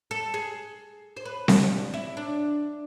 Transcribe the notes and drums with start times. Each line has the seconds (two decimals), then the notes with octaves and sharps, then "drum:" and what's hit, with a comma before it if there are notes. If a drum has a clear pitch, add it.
0.11 A4
0.34 G#4
1.17 C5
1.25 B4
1.48 D4, drum: snare C4
1.94 E4
2.17 D4